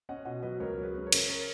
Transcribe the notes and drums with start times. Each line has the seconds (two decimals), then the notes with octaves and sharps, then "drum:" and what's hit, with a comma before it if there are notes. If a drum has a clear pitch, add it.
0.09 C#4 D#5 F#5
0.25 B2 D#5 F#5
0.42 F#3 B4 D#5
0.60 C#2 A#4 C#5
0.78 F#3
0.83 G#4 B4
0.95 C#4
1.06 A#4 C#5
1.12 C#3, drum: cymbal
1.29 A#4 C#5